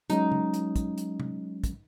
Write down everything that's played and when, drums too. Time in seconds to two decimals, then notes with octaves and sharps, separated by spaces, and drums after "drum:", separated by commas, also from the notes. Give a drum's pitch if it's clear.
0.10 F#3 G#3 C#4 D#4, drum: hi-hat
0.32 drum: tom C#3
0.54 drum: hi-hat
0.76 drum: kick, hi-hat
0.98 drum: hi-hat
1.20 drum: tom C3
1.64 drum: kick, hi-hat